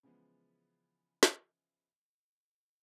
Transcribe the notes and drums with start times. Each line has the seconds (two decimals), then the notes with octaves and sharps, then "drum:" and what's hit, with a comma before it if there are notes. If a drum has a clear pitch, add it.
0.03 C#3 E3 F3 G#3 B3
1.23 drum: snare